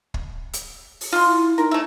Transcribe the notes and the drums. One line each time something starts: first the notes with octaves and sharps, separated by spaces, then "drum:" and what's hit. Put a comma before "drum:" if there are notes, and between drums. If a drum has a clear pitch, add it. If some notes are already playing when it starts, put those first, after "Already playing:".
drum: kick
drum: hi-hat
drum: open hi-hat
F4 C6
E4
D#4 A#4
A3 E4